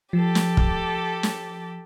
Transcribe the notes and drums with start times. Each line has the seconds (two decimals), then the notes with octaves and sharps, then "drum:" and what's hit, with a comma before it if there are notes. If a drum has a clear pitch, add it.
0.13 F3 G4 A4
0.35 drum: snare
0.57 drum: kick
1.23 drum: snare